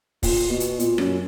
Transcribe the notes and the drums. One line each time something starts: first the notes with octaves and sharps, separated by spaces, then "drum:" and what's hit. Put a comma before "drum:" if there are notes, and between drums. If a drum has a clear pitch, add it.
A#2, drum: kick, open hi-hat
B2
drum: hi-hat
A#2, drum: hi-hat
F#2, drum: rim click